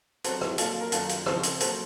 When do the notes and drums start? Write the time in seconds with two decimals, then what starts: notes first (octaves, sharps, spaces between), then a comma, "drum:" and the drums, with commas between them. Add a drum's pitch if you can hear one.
0.24 F2 C3 F#3 A4 C5, drum: hi-hat
0.41 drum: rim click
0.58 A#2 F#3 F4 A4, drum: hi-hat
0.81 A#4
0.92 F#2 D#3 F#3 F4 A4, drum: hi-hat
1.09 drum: hi-hat
1.26 F2 C#3 F3 A4 C5, drum: rim click
1.43 drum: hi-hat
1.60 A#2 F#3 A4 C5, drum: hi-hat